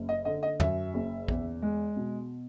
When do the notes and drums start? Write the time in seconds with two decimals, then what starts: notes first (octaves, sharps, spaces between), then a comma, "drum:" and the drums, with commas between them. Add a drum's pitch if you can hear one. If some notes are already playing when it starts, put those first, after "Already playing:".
Already playing: F#1
0.09 D#5
0.25 D3 D#5
0.43 D#5
0.60 F#2 E5, drum: tom
0.94 F#1
1.28 E2, drum: kick
1.62 G#3
1.96 B2